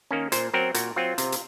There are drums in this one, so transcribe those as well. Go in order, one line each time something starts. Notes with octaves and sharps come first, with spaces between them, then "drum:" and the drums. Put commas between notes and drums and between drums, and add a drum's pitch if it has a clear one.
D#3 A#3 C#4
A#2 C5, drum: hi-hat
F#3 C4 A#4
A#2 F#4, drum: hi-hat
F#3 C4 F4
C3, drum: hi-hat
drum: hi-hat